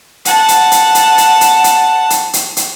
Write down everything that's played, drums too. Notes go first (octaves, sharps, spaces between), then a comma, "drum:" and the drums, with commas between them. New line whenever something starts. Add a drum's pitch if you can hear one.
F#5 A5, drum: hi-hat
drum: hi-hat
drum: hi-hat
drum: hi-hat
drum: hi-hat
drum: hi-hat
drum: hi-hat
drum: hi-hat
drum: hi-hat
drum: hi-hat